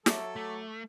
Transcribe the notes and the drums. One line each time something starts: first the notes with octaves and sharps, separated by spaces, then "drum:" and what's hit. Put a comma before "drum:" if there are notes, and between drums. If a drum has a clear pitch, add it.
F#3 A4 E5 C#6 D6, drum: snare
A3